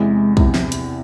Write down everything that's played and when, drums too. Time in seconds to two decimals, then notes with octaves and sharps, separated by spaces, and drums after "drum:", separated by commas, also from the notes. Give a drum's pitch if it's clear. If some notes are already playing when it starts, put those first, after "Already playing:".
Already playing: E2 C3 E3 G#3
0.37 E2 C3 E3, drum: kick
0.54 drum: snare
0.72 drum: hi-hat